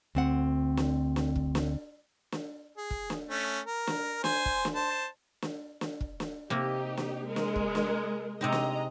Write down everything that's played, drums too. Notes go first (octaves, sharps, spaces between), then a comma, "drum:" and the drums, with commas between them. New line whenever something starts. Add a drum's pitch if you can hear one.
D2 C4 F#5
drum: snare
drum: snare
drum: kick
drum: snare
drum: snare
G#4
drum: kick
drum: snare
A3 C#4
A#4
drum: snare
C5 G#5, drum: snare
drum: kick
drum: snare
C5 A5
drum: snare
drum: snare
drum: kick
drum: snare
C3 A#3 D#4 G4
drum: snare
G#3 A#4
drum: snare
drum: kick
drum: snare
C3 G#3 C4 D#4 D#5 A#5
drum: snare